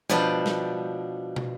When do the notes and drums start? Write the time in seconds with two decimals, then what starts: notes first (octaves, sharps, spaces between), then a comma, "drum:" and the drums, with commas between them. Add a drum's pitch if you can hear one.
0.10 B2 F3 D4 G4 B4, drum: snare
0.46 drum: snare
1.36 drum: tom